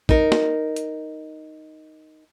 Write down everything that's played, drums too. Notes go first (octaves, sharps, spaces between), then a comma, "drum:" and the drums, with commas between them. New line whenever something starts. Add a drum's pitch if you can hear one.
D#4 A#4, drum: kick
drum: snare
drum: hi-hat